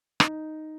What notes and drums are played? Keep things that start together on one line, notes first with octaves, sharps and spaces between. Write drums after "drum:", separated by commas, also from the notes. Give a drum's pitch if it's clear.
D#4, drum: rim click